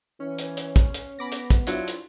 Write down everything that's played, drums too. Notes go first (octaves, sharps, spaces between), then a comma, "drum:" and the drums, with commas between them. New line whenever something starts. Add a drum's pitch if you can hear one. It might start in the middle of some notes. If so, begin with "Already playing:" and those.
E3 C#4
drum: hi-hat
drum: hi-hat
drum: kick, hi-hat
drum: hi-hat
B3 B5 D6 A#6
drum: hi-hat
drum: kick, hi-hat
F#3 D4 E4 F4, drum: hi-hat
drum: hi-hat